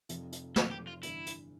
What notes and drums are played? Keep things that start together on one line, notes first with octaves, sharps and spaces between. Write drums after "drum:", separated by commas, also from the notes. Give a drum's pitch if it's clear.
F1 F2 C3 F3, drum: hi-hat
drum: hi-hat
F1 F2 C3 F3 A4, drum: snare
G4
F4
G1 G2 E3 E4, drum: hi-hat
drum: hi-hat